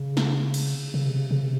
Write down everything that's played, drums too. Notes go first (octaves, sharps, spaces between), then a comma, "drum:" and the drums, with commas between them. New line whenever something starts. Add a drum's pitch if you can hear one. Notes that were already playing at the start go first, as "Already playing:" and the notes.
Already playing: C#3
drum: snare
drum: cymbal
C#3
C3
C#3
C#3
C3